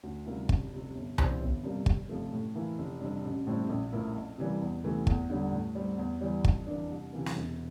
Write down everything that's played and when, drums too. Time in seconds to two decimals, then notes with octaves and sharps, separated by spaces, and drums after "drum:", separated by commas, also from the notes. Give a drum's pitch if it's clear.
0.03 D2
0.26 C3 G3 A#3 E4
0.49 F1, drum: kick
0.72 F2 C3
0.95 G1
1.18 G2 E3 G3 C4, drum: tom C2
1.41 G1
1.63 F2 C3 G3 A#3
1.86 F1, drum: kick
2.09 F2 C3 F3 A3
2.33 A2
2.55 E3 A#3 E4
2.78 F1
3.01 F2 C3 G3 D4
3.24 A1
3.47 A2 G3 C4 E4
3.69 A#1
3.92 A2 F3 A#3 E4
4.15 F2
4.38 C3 E3 G3 A#3
4.61 E2
4.84 C3 E3 A3
5.07 E2, drum: kick
5.30 D3 G3
5.52 A2
5.75 G3 C4
5.98 E2
6.21 E3 G3
6.44 F2, drum: kick
6.67 E3 A#3 D4
6.91 C2
7.12 C3 E3 A#3
7.26 drum: snare
7.35 E1